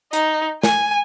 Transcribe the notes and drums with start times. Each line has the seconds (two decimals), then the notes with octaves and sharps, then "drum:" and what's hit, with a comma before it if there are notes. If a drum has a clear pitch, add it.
0.13 D#4, drum: hi-hat
0.63 G#5, drum: snare